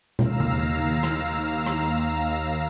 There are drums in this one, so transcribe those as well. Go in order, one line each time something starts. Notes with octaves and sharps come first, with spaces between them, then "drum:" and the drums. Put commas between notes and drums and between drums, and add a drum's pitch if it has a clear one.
D#2 F5 A#5 E6, drum: tom
drum: tom C#3
drum: rim click
drum: rim click